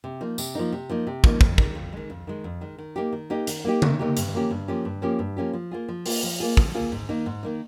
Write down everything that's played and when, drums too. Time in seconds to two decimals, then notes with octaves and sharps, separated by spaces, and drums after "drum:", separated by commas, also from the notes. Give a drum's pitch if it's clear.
0.04 C3
0.21 F3 A#3 D#4
0.38 C3, drum: tambourine
0.55 F3 A#3 D#4
0.72 C3
0.89 F3 A#3 D#4
1.07 C3
1.24 F3 A#3 D#4, drum: kick
1.41 F2, drum: kick
1.58 D#3 G#3, drum: kick
1.75 F2
1.93 D#3 G#3
2.10 F2
2.27 D#3 G#3
2.44 F2
2.61 D#3 G#3
2.78 D#3
2.96 A#3 D#4 G4
3.12 D#3
3.30 A#3 D#4 G4
3.47 D#3, drum: hi-hat
3.65 A#3 D#4 G4
3.82 D#3, drum: tom C#3
3.99 A#3 D#4 G4
4.17 G2, drum: hi-hat
4.33 F3 A#3 C#4 G4
4.51 G2
4.68 F3 A#3 C#4 G4
4.85 G2
5.02 F3 A#3 C#4 G4
5.19 G2
5.37 F3 A#3 C#4 G4
5.53 F3
5.71 A#3 F4 G#4
5.88 F3
6.06 A#3 F4 G#4, drum: open hi-hat
6.23 F3
6.40 A#3 F4 G#4
6.57 F3, drum: kick
6.74 A#3 F4 G#4
6.92 G#2
7.09 D#3 A#3 D#4
7.26 G#2
7.43 D#3 A#3 D#4